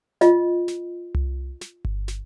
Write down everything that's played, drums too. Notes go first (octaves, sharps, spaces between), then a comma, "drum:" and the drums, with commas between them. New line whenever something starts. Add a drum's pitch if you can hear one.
F4 D#5, drum: snare
drum: snare
drum: tom C2
drum: snare
drum: kick G1
drum: snare